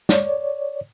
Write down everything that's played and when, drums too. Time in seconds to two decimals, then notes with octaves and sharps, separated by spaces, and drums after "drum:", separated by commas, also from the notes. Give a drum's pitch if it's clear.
0.09 C#5 D5, drum: snare